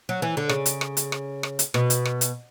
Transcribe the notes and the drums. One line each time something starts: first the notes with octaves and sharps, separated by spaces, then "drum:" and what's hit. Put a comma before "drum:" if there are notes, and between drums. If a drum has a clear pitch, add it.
F#3
E3
D3
C#3, drum: rim click
drum: hi-hat
drum: rim click
drum: hi-hat
drum: rim click
drum: rim click
drum: hi-hat
B2, drum: rim click
drum: hi-hat
drum: rim click
drum: hi-hat